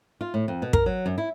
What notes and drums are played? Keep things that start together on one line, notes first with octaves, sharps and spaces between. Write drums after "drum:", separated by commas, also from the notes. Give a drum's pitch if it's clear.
F4
A2
F2
B2
A#4, drum: kick
F#3
F#2
E4